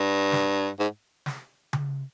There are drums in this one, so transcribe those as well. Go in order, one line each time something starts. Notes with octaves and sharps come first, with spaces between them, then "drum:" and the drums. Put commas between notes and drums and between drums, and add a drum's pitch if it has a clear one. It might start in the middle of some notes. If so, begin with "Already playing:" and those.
Already playing: G2
drum: snare
G#2
drum: snare
drum: tom C#3